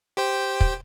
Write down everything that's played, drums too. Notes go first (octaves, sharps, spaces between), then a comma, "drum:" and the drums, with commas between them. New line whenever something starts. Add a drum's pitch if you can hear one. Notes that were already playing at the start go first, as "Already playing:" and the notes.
G4 C5 G5
drum: kick